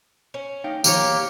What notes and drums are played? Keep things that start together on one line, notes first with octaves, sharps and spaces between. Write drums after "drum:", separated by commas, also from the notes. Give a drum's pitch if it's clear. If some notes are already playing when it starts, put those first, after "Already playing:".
C#4
D#4 F5 G5
D#3 F3 A#3 G4 G#4 C#5, drum: tambourine
E2